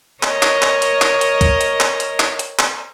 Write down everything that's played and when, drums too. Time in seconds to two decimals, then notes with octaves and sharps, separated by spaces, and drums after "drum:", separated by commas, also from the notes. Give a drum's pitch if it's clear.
0.23 A#4 C#5 D#5, drum: clap
0.43 drum: clap
0.62 drum: clap
0.82 drum: hi-hat
1.02 drum: clap
1.21 drum: hi-hat
1.41 drum: kick, hi-hat
1.61 drum: hi-hat
1.80 drum: clap
2.00 drum: hi-hat
2.20 drum: clap
2.39 drum: hi-hat
2.59 drum: clap